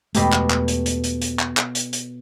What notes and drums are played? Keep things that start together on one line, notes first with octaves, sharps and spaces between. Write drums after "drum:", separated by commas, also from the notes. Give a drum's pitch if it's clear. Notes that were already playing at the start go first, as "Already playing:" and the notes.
E2 B2 G#3 A3 G4 A4, drum: hi-hat
drum: clap
drum: clap
drum: hi-hat
drum: hi-hat
drum: hi-hat
drum: hi-hat
drum: clap
drum: clap
drum: hi-hat
drum: hi-hat